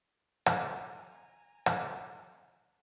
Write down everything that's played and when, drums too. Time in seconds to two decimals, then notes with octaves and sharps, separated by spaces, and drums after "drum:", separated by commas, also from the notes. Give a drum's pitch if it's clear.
0.46 G#5 A#5, drum: rim click
1.66 drum: rim click